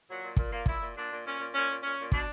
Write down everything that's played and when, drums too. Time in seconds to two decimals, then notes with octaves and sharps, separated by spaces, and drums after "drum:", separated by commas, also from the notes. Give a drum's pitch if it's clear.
0.08 A#2 F#3
0.22 A#2
0.37 A#2, drum: kick
0.51 A#2 A#3
0.66 A#2 E4, drum: kick
0.81 A#2
0.96 A#2 D4
1.09 A#2
1.25 A#2 C#4
1.38 A#2
1.53 A#2 C#4
1.68 A#2
1.82 A#2 C#4
1.97 A#2
2.12 B2 D4, drum: kick